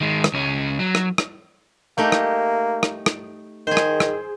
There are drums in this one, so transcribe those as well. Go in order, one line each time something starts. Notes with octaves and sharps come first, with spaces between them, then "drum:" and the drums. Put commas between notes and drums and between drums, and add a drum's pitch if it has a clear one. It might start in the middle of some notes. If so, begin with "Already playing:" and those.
D#3 G#3
drum: rim click
C#2 C#4
F#3
drum: rim click
drum: rim click
A3 A#3 D#4 G4
drum: rim click
drum: rim click
drum: rim click
D#3 G#4 C5
drum: rim click
drum: rim click